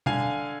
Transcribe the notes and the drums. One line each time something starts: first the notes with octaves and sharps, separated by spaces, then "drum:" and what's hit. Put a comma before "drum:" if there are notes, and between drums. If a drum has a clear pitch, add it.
D3 F5 G#5, drum: tom B2